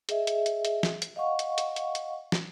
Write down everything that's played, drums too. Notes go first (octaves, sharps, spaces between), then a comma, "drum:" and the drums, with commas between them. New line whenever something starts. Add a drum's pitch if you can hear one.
G#4 D#5 E5, drum: hi-hat
drum: hi-hat
drum: hi-hat
drum: hi-hat
drum: snare
drum: hi-hat
D#5 F5 F#5 C#6
drum: hi-hat
drum: hi-hat
drum: hi-hat
drum: hi-hat
drum: snare